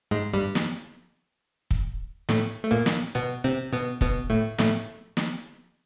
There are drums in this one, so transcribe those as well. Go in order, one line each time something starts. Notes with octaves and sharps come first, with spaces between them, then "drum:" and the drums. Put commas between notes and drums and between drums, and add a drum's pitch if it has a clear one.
G#2 G#3
G2 G3
drum: snare
drum: kick
A2 A3, drum: snare
A3
A#2 A#3
drum: snare
B2 B3
C3 C4
B2 B3
B2 B3, drum: kick
A2 A3
A2 A3, drum: snare
drum: snare